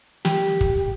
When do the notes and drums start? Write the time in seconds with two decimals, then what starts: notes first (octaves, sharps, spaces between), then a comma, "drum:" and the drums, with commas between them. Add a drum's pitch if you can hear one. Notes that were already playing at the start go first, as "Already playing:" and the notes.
0.25 G4, drum: snare
0.61 drum: kick